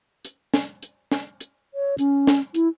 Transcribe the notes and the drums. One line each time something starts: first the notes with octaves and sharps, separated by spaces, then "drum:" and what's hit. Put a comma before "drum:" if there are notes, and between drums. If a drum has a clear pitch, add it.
drum: hi-hat
drum: snare
drum: hi-hat
drum: snare
drum: hi-hat
C#5
C#4, drum: hi-hat
drum: snare
E4, drum: hi-hat